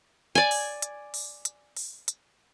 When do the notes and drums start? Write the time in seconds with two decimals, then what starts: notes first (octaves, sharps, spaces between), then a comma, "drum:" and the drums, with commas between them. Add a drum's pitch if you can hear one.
0.35 D5 G#5
0.51 drum: open hi-hat
0.82 drum: hi-hat
1.14 drum: open hi-hat
1.45 drum: hi-hat
1.77 drum: open hi-hat
2.08 drum: hi-hat